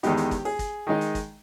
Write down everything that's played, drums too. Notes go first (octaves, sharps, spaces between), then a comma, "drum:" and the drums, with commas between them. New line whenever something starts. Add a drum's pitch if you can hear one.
E2 D#3 G#3 B3 D#4 G4, drum: hi-hat
drum: hi-hat
drum: kick, hi-hat
G#4, drum: open hi-hat
drum: kick, hi-hat
D#3 G#3 D#4
drum: hi-hat
drum: kick, hi-hat